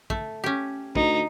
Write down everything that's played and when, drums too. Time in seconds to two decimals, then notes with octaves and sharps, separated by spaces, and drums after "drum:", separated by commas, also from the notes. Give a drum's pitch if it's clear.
0.10 A3, drum: kick
0.44 C#4 G4
0.96 D2 D#4, drum: kick